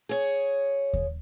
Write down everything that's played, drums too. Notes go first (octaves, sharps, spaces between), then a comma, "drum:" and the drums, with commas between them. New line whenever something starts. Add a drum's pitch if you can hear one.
G#4 C#5
drum: kick D#2